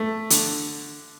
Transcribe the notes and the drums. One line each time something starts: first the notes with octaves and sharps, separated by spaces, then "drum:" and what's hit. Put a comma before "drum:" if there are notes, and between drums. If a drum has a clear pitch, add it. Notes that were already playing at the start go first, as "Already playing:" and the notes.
Already playing: A3
D3, drum: hi-hat